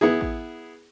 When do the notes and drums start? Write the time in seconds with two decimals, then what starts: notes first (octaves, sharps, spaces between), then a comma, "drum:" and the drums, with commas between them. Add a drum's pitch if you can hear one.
0.01 B3 E4 G#4
0.21 drum: kick A1